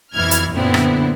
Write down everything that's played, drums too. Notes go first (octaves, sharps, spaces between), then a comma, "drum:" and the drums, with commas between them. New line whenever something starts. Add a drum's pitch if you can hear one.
F2 B2 E3 E4 F6 G#6
drum: hi-hat
F#2 A#2 D3 B3 C4 E4
drum: rim click